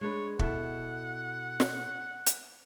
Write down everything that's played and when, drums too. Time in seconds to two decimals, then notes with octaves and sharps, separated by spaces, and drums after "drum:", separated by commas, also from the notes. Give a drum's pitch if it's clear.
0.01 G#3 D4 B4 C#5
0.39 B2 E4 A4 F#5, drum: kick
1.60 drum: snare
2.26 drum: hi-hat